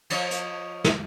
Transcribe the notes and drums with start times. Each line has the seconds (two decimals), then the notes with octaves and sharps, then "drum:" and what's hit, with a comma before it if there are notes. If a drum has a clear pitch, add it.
0.10 F3 C#5 D#5, drum: cymbal
0.31 drum: hi-hat
0.84 drum: snare